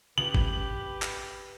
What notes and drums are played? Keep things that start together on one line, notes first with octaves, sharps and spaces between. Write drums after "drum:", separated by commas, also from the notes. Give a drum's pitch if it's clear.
C#3 G4 B4 F#7
drum: kick
drum: clap